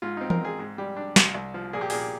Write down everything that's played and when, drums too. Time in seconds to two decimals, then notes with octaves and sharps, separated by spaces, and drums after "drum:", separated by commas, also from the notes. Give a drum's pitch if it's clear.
0.02 G#2 F4
0.17 C4 D#4
0.30 A#4, drum: tom E3
0.41 C4 G#4
0.59 G#2
0.78 G3
0.96 D4
1.16 C2, drum: snare
1.35 C2
1.54 F3
1.73 A#2 G#4
1.81 G4
1.90 A#2 G#4, drum: open hi-hat